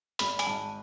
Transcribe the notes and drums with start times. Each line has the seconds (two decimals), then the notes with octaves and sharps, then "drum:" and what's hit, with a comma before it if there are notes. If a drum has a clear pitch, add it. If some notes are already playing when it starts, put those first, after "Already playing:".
0.19 G#1 B5, drum: hi-hat
0.39 G#5, drum: hi-hat
0.47 G#2 A5